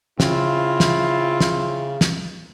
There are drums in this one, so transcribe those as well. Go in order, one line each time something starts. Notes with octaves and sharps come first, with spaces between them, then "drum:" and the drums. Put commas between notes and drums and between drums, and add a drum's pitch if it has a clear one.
C#3 C4 E4 F4, drum: snare
drum: snare
drum: snare
drum: snare